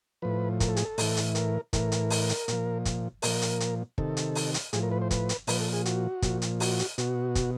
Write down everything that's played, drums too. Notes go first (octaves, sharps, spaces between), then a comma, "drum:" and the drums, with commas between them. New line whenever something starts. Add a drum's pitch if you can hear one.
A2 F3 B4
A#4, drum: kick, hi-hat
A4
G#4, drum: hi-hat
A4
A2 E3, drum: open hi-hat
drum: hi-hat
A#4, drum: hi-hat
A2 E3 A#4, drum: kick, hi-hat
drum: hi-hat
drum: open hi-hat
drum: hi-hat
A#2 F3, drum: hi-hat
drum: kick, hi-hat
A#2 F3 A#4, drum: open hi-hat
drum: hi-hat
drum: hi-hat
C3 D#3 A4, drum: kick
drum: hi-hat
drum: open hi-hat
drum: hi-hat
A2 F3 G#4, drum: hi-hat
A#4
B4
C5
B4, drum: kick, hi-hat
drum: hi-hat
A#2 F3 B4, drum: open hi-hat
A4
G#4
F#4, drum: hi-hat
A#2 F3, drum: kick, hi-hat
drum: hi-hat
F#4, drum: open hi-hat
drum: hi-hat
B2 F#4, drum: hi-hat
drum: kick, hi-hat